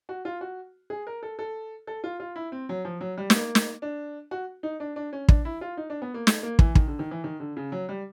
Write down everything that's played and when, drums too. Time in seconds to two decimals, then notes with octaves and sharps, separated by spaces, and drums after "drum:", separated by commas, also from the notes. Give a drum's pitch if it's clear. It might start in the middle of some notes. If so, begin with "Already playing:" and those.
0.09 F#4
0.25 F4
0.41 F#4
0.90 G#4
1.07 A#4
1.23 A4
1.39 A4
1.87 A4
2.04 F4
2.20 F4
2.36 E4
2.52 C4
2.69 F#3
2.85 F3
3.01 F#3
3.18 G3
3.30 B3, drum: snare
3.34 A#3
3.55 drum: snare
3.82 D4
4.31 F#4
4.63 D#4
4.80 D4
4.96 D4
5.13 C#4
5.29 D4, drum: kick
5.45 E4
5.61 F4
5.77 D#4
5.90 D4
6.02 B3
6.14 A#3
6.27 A3, drum: snare
6.43 A#3
6.59 E3, drum: kick
6.75 D#3, drum: kick
6.87 D3
6.99 D#3
7.11 E3
7.24 D#3
7.40 D3
7.57 C#3
7.72 F#3
7.89 G3